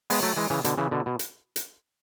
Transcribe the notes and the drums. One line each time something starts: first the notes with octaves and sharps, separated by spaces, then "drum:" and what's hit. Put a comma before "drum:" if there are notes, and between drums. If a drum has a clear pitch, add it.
G#3 B3, drum: open hi-hat
F#3 A3
E3 G#3
C#3 E3
B2 D3, drum: hi-hat
C#3 E3
B2 D3
B2
drum: hi-hat
drum: hi-hat